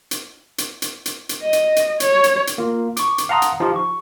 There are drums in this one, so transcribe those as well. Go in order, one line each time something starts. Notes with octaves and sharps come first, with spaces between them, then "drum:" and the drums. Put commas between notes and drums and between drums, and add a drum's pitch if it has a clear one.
drum: hi-hat
drum: hi-hat
drum: hi-hat
drum: hi-hat
drum: hi-hat
D#5
drum: hi-hat
drum: hi-hat
C#5, drum: hi-hat
drum: hi-hat
drum: hi-hat
A#3 F4
C#6 D6, drum: hi-hat
drum: hi-hat
F5 F#5 A5 A#5 C6 D#6
drum: hi-hat
F3 D#4 F4 G4
C#6